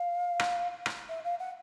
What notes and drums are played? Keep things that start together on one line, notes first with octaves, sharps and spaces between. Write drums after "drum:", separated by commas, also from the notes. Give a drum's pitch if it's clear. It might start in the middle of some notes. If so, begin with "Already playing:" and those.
Already playing: F5
drum: rim click
drum: rim click
E5
F5
F#5